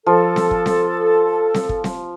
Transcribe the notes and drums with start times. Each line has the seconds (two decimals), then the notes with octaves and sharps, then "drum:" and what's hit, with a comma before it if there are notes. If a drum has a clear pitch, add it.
0.06 F3 A4
0.36 drum: snare C4
0.51 drum: kick
0.66 drum: snare C4
1.54 drum: snare C4
1.69 drum: kick
1.84 drum: snare C4